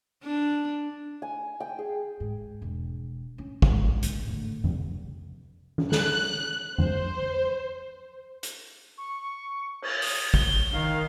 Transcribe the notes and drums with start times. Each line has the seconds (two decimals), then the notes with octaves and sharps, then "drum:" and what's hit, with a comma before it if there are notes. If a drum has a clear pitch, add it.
0.23 D4
1.22 G#5
1.60 G5
1.79 G#4
2.20 G#2
2.62 E1
3.38 C#4
3.62 A#1 G#2, drum: kick G#1
4.03 drum: hi-hat
4.27 A2 D3
4.64 C3, drum: tom F2
5.78 drum: tom E3
5.92 F#6, drum: snare
6.78 C5, drum: tom F2
8.43 drum: hi-hat
8.98 C#6
9.82 drum: cymbal
10.02 D#6, drum: open hi-hat
10.34 G7, drum: kick G#1
10.73 D#3 F5